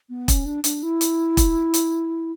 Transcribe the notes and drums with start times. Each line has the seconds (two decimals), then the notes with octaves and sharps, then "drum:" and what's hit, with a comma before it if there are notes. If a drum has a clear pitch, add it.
0.09 B3
0.28 C#4, drum: kick E1, hi-hat
0.45 D4
0.64 D4, drum: hi-hat
0.83 E4
1.01 drum: hi-hat
1.37 drum: kick E1, hi-hat
1.74 drum: hi-hat